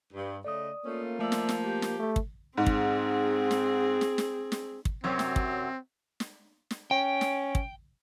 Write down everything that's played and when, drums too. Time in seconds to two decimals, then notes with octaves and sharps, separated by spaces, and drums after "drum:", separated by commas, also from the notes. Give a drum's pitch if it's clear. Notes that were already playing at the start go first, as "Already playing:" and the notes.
0.14 G2
0.45 C#3 A3 D5 D#5 D#6
0.85 A3 A#3 C#4 F4
1.19 F3 A3 D5 E5
1.32 drum: snare
1.49 drum: snare
1.63 G4
1.82 drum: snare
1.99 A3
2.16 drum: kick
2.57 G#2 C4 G#4
2.66 drum: kick
3.51 drum: snare
4.01 drum: snare
4.18 drum: snare
4.52 drum: snare
4.85 drum: kick
5.04 F#2 C3 F#3 C4
5.19 drum: snare
5.36 drum: kick
6.20 drum: snare
6.71 drum: snare
6.91 C#4 G5
7.21 drum: snare
7.55 drum: kick